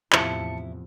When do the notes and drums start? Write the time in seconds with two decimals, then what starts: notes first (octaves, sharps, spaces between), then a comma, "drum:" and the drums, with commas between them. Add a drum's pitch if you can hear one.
0.13 E2 A2 C3 F3 E4 E5 A5 C#7, drum: clap